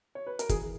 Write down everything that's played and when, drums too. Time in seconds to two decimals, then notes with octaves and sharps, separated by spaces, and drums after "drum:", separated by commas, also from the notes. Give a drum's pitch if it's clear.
0.15 C#5
0.27 B4
0.39 A#4, drum: hi-hat
0.49 E3 G#4, drum: kick, hi-hat